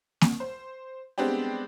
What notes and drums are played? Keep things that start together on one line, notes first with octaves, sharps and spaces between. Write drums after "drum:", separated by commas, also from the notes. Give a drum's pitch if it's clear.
drum: snare A#3
C5
G3 G#3 B3 C4 D4 G4